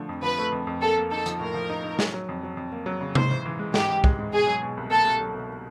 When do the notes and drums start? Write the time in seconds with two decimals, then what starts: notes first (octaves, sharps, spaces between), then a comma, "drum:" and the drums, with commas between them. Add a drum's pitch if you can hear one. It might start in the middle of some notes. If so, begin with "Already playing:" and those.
Already playing: D3 F3 A3
0.09 F2
0.23 F3 B4
0.38 A3
0.52 F2
0.67 F2
0.82 A#3 A4
0.96 A#3
1.12 D#4 A4
1.26 F3, drum: hi-hat
1.40 A2 A#4
1.54 F3
1.70 D#4
1.84 D#4
1.99 F#3, drum: snare
2.14 F#3
2.29 F2
2.43 F#3
2.57 F2
2.72 A#3
2.86 F#3
3.01 C#3
3.15 G#2 C5, drum: tom C3
3.30 E3
3.46 E3
3.59 G#3
3.74 G#2 G4, drum: snare
3.89 G#2
4.04 G#3, drum: kick
4.19 G#2
4.33 B2 G#4
4.47 F#3
4.62 B2
4.77 C2
4.91 A#3 A4
5.07 C2
5.20 F#3
5.35 B2